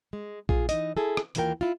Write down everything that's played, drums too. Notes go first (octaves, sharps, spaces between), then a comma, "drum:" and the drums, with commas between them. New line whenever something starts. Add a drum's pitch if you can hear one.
G#3
A#2 F4 G#4, drum: kick A#1
E3 D#4 D#5, drum: hi-hat
E4 G#4 A4
drum: rim click
D#2 E3 A#3 F4 A#4 G5, drum: hi-hat
E4 F4